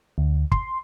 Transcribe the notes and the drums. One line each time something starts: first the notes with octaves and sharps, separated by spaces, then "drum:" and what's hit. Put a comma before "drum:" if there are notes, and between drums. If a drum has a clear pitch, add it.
D2
C6, drum: kick